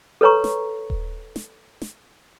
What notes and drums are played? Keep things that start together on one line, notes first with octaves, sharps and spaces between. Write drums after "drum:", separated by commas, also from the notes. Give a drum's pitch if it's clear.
A4 B4 C#5 A#5 C#6
drum: snare
drum: kick D#1
drum: snare
drum: snare